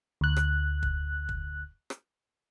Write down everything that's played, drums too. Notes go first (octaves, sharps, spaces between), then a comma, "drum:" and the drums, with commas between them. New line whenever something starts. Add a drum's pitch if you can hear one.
D2 F#6
drum: rim click
drum: kick
drum: kick
drum: rim click